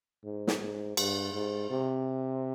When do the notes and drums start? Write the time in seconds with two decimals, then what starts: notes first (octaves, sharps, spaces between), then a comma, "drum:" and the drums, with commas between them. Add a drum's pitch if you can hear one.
0.24 G#2
0.47 drum: snare
0.60 G#2
0.97 G2, drum: cymbal
1.33 G#2
1.70 C3